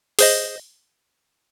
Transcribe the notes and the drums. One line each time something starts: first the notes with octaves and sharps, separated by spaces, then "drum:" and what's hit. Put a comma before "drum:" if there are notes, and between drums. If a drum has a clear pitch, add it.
G#4 C5 D#5, drum: open hi-hat